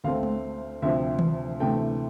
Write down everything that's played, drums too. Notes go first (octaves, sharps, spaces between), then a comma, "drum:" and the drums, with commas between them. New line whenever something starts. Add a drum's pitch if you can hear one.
D2 D3 A3 C4 F5
drum: tom G#3
D2 C3 F3 C4 E5
drum: tom D#3
D2 C3 E3 A3 G5